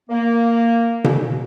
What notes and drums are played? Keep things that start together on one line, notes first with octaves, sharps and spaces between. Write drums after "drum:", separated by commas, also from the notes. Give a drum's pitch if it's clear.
A#3
drum: tom B2